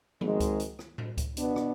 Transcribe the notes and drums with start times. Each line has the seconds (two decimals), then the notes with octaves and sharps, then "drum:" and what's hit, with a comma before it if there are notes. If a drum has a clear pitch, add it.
0.21 G#1 G#2 D#3 G#3, drum: tom F3
0.40 drum: kick C#2, hi-hat
0.60 drum: hi-hat
0.79 drum: rim click
0.98 drum: tom A2
1.17 drum: kick C#2, hi-hat
1.37 B2 B3 D4, drum: hi-hat
1.56 drum: rim click